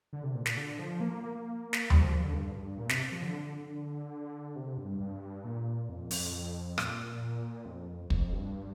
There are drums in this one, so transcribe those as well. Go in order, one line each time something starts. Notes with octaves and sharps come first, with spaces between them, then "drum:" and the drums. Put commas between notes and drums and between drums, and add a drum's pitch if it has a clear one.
D3
C3
A#2
A#2, drum: snare
D3
F3
A#3
A#3
drum: snare
G3, drum: tom D#2
F3
D3
G2
G2
A#2
C3, drum: snare
F3
D3
C3
G2
G2
A#2
F2
F2, drum: open hi-hat
A#2, drum: rim click
F2
F2, drum: kick
G2